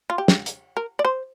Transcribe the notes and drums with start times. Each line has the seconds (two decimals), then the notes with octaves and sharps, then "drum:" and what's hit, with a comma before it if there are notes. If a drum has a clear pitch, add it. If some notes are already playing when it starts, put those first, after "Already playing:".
0.10 F4
0.18 G4
0.28 drum: snare
0.46 drum: hi-hat
0.77 A#4
0.99 D5
1.05 C5